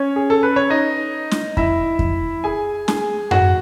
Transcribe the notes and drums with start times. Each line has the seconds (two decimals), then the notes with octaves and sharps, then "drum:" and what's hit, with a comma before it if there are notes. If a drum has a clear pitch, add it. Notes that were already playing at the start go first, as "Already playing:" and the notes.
Already playing: C#4 C#5
0.16 G#4
0.30 A4
0.43 B4
0.56 C#5
0.70 D#4 D#5
1.31 drum: snare
1.57 E4 E5, drum: kick F2
1.99 drum: kick F2
2.44 G#4 G#5
2.88 G#4 G#5, drum: snare
3.31 F#4 F#5, drum: tom F#2